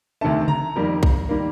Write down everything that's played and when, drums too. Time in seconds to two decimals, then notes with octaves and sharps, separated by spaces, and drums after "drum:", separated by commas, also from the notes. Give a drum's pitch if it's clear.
0.21 D2 C3 D#3 A3 A5
0.48 A#5, drum: tom C#3
0.76 F2 D#3 G3 A#3
1.03 drum: kick B1
1.29 D#3 G3 A#3